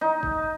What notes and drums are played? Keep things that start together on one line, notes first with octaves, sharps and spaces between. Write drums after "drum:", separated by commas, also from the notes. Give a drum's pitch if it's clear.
D#4
drum: kick